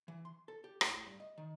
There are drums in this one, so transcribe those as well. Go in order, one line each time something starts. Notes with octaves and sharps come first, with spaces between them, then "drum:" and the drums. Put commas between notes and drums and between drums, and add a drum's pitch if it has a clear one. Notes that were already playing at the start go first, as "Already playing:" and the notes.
E3
C6
A4
G4
A2, drum: rim click
G2
D#5
D#3